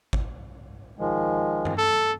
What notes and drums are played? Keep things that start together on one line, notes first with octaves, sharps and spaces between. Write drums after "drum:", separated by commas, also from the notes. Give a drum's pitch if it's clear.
drum: kick G#1
D#3 F3 G#3
drum: tom
A4